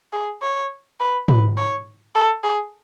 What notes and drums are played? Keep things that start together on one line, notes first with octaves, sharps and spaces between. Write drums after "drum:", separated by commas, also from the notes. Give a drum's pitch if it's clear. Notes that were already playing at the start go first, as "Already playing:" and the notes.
G#4
C#5
B4
B4, drum: tom
C#5
A4
G#4